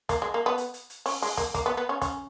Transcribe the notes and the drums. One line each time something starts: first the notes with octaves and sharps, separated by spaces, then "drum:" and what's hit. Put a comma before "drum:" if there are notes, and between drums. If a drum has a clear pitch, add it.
A#3, drum: kick, hi-hat
G#3
A#3
B3
drum: hi-hat
drum: hi-hat
drum: hi-hat
C#4, drum: open hi-hat
G#3, drum: open hi-hat
A#3, drum: kick, hi-hat
A#3, drum: kick, hi-hat
B3
B3
C#4
C#4, drum: kick, hi-hat